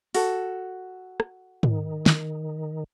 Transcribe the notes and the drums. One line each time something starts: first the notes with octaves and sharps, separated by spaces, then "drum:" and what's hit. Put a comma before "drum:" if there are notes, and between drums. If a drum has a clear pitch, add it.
F#4 A4, drum: open hi-hat
drum: rim click
D#3, drum: tom G#2
drum: snare